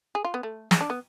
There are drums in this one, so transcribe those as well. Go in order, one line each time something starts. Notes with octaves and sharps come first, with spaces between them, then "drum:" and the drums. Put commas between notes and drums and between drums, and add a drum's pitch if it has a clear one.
G#4
F4
B3
A3
G#3, drum: snare
D4
B3